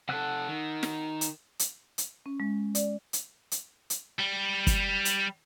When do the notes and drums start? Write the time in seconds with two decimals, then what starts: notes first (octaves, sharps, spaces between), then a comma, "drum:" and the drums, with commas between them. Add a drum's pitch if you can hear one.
0.09 C3 A4 F#5 E6 F#6
0.48 D#3
0.83 drum: snare
1.21 drum: hi-hat
1.59 drum: hi-hat
1.98 drum: hi-hat
2.26 C#4
2.40 G#3
2.75 D5, drum: hi-hat
3.13 drum: hi-hat
3.52 drum: hi-hat
3.90 drum: hi-hat
4.19 G3
4.67 drum: kick, hi-hat
5.05 drum: hi-hat